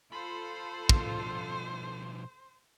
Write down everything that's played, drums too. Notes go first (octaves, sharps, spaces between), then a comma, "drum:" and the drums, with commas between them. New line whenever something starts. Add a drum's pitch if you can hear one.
F4 A4 C5 B5
B2 F3, drum: kick